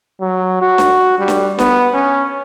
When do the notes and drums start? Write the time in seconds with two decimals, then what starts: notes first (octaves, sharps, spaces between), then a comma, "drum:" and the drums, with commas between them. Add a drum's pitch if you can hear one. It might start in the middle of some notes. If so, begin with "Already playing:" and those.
0.21 F#3
0.62 F#4
0.78 drum: snare D4
1.19 G3
1.28 drum: snare D4
1.59 B3, drum: snare D4
1.94 C#4